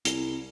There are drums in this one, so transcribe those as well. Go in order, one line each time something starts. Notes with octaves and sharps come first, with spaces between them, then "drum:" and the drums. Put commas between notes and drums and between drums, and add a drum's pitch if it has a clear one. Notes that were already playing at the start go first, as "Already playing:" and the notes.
C2, drum: hi-hat